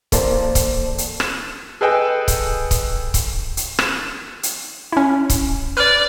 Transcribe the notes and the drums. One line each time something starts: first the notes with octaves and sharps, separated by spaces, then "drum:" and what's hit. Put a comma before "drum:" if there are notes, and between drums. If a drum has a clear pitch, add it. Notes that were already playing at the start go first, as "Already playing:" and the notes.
E3 A#3 A4 C5 D5 A5, drum: kick C#1, hi-hat
drum: kick C#1, hi-hat
drum: hi-hat
drum: rim click
G#4 A4 B4 D#5 G5 G#5
drum: kick C#1, hi-hat
drum: kick C#1, hi-hat
drum: kick C#1, hi-hat
drum: hi-hat
drum: rim click
drum: hi-hat
C#4 E4
drum: kick C#1, hi-hat
B4 D5 F6 F#6